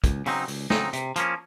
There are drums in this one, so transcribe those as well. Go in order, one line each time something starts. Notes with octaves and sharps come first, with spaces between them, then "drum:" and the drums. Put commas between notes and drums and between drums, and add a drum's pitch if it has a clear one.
C#2, drum: kick, hi-hat
C#3 F#3 C4 D#4, drum: open hi-hat
C#2, drum: open hi-hat
C#3 F#3 C4 D#4, drum: snare
C3, drum: hi-hat
F3 A#3 C#4, drum: hi-hat